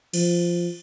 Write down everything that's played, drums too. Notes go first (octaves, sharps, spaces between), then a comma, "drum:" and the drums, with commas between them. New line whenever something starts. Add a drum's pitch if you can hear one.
F3, drum: cymbal